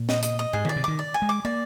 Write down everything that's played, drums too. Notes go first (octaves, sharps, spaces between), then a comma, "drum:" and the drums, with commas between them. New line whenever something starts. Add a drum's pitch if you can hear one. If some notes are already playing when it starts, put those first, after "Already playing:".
Already playing: A#2
D#5, drum: snare
D#5, drum: hi-hat
D#5
G#2 G#4
A#2 D5, drum: tom D#3
C3
D#3 D6
D5
G#5
G#3
D6
A#3 D5